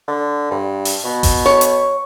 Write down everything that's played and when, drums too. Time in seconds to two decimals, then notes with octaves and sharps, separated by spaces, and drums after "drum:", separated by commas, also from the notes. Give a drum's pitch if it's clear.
0.08 D3
0.51 G2
0.85 drum: open hi-hat
1.04 B2
1.23 drum: kick G1, open hi-hat
1.46 C#5
1.61 drum: hi-hat